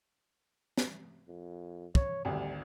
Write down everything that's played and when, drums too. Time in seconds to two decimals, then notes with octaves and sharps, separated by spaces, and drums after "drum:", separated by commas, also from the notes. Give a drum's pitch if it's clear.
0.78 drum: snare
1.28 F2
1.95 C#5, drum: kick
2.25 G#1 D2 G3